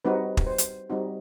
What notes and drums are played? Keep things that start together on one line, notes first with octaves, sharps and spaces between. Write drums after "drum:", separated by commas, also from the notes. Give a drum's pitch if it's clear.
G3 C4 D#4 F#4 B4
drum: kick
C5
drum: hi-hat
G3 C4 D#4 F#4